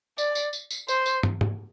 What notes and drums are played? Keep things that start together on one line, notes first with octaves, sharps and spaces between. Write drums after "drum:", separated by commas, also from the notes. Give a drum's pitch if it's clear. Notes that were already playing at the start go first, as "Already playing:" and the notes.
D5, drum: tambourine
drum: tambourine
drum: tambourine
drum: tambourine
C5, drum: tambourine
drum: tambourine
drum: tom
drum: tom